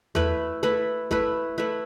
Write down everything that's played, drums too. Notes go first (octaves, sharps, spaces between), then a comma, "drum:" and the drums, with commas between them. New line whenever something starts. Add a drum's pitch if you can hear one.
A3 E4 B4, drum: tom E2
A3 E4 B4
A3 E4 B4, drum: kick G1
A3 E4 B4